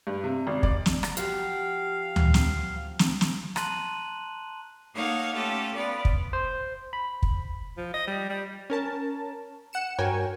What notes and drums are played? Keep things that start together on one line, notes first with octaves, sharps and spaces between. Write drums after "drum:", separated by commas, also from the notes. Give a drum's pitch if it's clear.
G2
C3
G#1
D5, drum: kick
drum: snare
drum: rim click
F3 F#4 G4 F5, drum: hi-hat
drum: tom D2
drum: snare
drum: snare
drum: snare
A5 A#5 C6 F#6 D#7 F#7, drum: rim click
A#3 D#4 A4 C#5 F5 F#5
A3 C#4 F4 G4 A4
B3 F4 D5
drum: kick
C5
B5
drum: kick
F3
D#5
G3
G3
C#4 A#4 A5
F#5 C#7 E7
G2 F#4 A#4 C#5 G5 G#5